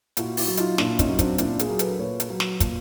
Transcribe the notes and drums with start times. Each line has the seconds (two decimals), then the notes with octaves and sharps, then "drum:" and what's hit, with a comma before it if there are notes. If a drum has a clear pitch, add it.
0.17 A#2 E4 F#4, drum: hi-hat
0.37 E4 F#4, drum: open hi-hat
0.48 F#3
0.57 D#4 F4, drum: hi-hat
0.78 A#2 D4 E4, drum: snare
0.99 C#4 D#4, drum: kick, hi-hat
1.08 F#3
1.19 C4 D4, drum: kick, hi-hat
1.38 A#2 D4 E4, drum: hi-hat
1.59 G#4 A#4, drum: hi-hat
1.69 F#3
1.79 A4 B4, drum: hi-hat
1.99 A#2 B4 C#5
2.20 drum: hi-hat
2.30 F#3
2.40 drum: snare
2.60 A#2, drum: kick, hi-hat